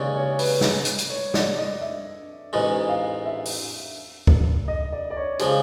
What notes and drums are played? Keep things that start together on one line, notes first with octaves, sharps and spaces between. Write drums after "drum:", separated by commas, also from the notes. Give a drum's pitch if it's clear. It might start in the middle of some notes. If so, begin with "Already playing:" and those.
Already playing: D#2 C#3 E3 G#3 C#4 C#5 D5
C#5
B4, drum: open hi-hat
drum: snare
drum: hi-hat
drum: hi-hat
C#5
D5, drum: snare
D#5
E5
A1 G#2 E3 G#3 D#5
F5
E5
drum: open hi-hat
drum: kick C#2
D#5
D5
D5
C#5
C#3 F3 G#3 G4, drum: hi-hat